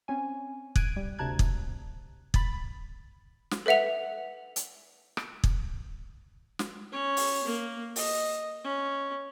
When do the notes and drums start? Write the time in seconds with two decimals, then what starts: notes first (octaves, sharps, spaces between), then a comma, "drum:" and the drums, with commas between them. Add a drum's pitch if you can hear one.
0.08 C4 C#4 G#5
0.76 F#6 G#6 D7 D#7, drum: kick
0.96 G3
1.19 D2 C3 A5 A#5 F#6 G#6
1.39 drum: kick
2.34 B5 A6, drum: kick
3.51 drum: snare
3.66 A4 B4 E5 F#5 F7
4.56 drum: hi-hat
5.17 drum: rim click
5.44 drum: kick
6.59 drum: snare
6.92 C#4 C#5
7.17 drum: open hi-hat
7.44 A#3
7.96 D#5, drum: open hi-hat
8.64 C#4